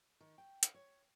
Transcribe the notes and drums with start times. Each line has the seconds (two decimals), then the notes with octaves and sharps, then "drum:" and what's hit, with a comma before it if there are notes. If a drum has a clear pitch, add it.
0.21 D#3
0.38 G5
0.63 drum: hi-hat
0.74 C#5